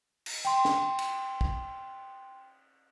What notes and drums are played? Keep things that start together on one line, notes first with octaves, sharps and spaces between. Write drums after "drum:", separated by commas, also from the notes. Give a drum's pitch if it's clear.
drum: cymbal
G5 C6, drum: hi-hat
drum: snare
drum: cymbal
drum: kick